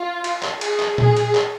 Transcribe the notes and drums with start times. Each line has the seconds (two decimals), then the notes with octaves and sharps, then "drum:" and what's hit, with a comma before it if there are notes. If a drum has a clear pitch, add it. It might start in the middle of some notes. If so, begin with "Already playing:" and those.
Already playing: F4
0.24 drum: cymbal
0.43 drum: clap
0.61 G#4, drum: cymbal
0.80 drum: clap
0.98 G#4, drum: tom A#2
1.17 drum: cymbal
1.35 drum: clap